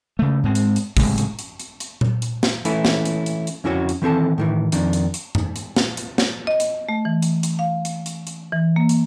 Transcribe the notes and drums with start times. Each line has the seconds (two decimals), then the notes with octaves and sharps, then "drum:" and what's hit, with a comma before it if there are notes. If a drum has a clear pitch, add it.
0.19 C#3 A3
0.43 G#2 G#3 C4
0.55 drum: hi-hat
0.76 drum: hi-hat
0.97 F#1 A2 C3 G#3, drum: kick, open hi-hat
1.18 drum: hi-hat
1.39 drum: hi-hat
1.59 drum: hi-hat
1.80 drum: hi-hat
2.01 drum: tom A#2
2.22 drum: hi-hat
2.43 drum: snare
2.65 E3 A3 C#4 E4, drum: hi-hat
2.85 drum: snare
3.05 drum: hi-hat
3.26 drum: hi-hat
3.47 drum: hi-hat
3.64 F2 C#4 E4 F#4 C#5
3.89 drum: hi-hat
4.02 D#3 E3 C4 A4 A5
4.38 A2 D#3 E3
4.72 F2 D#3 D4, drum: hi-hat
4.93 drum: hi-hat
5.14 drum: hi-hat
5.35 drum: tom G2
5.56 drum: hi-hat
5.76 drum: snare
5.97 drum: hi-hat
6.18 drum: snare
6.47 D#5
6.60 drum: hi-hat
6.89 A3
7.05 E3
7.22 drum: hi-hat
7.43 drum: hi-hat
7.59 F5
7.85 drum: hi-hat
8.06 drum: hi-hat
8.27 drum: hi-hat
8.52 E3
8.76 A#3
8.89 drum: hi-hat